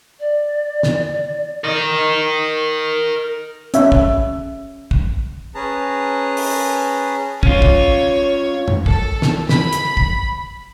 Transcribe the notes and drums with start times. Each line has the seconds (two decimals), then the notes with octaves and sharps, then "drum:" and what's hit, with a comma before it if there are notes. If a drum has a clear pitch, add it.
0.20 D5
0.83 drum: snare
1.64 A#4 D#5
3.74 C#4 E5, drum: hi-hat
3.92 drum: kick
4.91 drum: kick
5.55 C#4 G#4 B4 A5 A#5
6.37 drum: open hi-hat
7.43 C#4 F4 C#5, drum: kick
7.62 drum: kick
8.68 drum: tom
8.86 A4, drum: kick
9.22 drum: snare
9.49 B5, drum: snare
9.73 drum: hi-hat
9.97 drum: kick